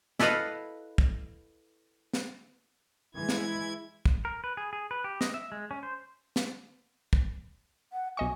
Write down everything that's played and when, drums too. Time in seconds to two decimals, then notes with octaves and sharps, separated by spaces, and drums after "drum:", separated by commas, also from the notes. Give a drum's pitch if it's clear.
0.19 E4 A4 B4 D#5 F5 F#5, drum: snare
0.98 drum: kick
2.14 drum: snare
3.15 E3 G#3 E4 G#6
3.29 drum: snare
4.06 drum: kick
4.25 A#4
4.44 B4
4.57 G#4
4.73 G#4
4.91 B4
5.04 G4
5.21 D#5, drum: snare
5.34 E5
5.52 G#3
5.71 C#4
5.83 C5
6.36 drum: snare
7.13 drum: kick
7.93 F#5
8.17 B1 D#5 G#5 C#6